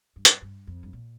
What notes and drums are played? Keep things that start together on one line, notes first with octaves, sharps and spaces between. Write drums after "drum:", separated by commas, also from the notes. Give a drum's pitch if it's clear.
G2
drum: hi-hat
G2
F2
G2
A#2